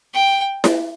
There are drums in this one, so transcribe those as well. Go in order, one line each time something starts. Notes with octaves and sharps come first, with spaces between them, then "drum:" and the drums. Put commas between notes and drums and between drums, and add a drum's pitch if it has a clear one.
G5
drum: snare E4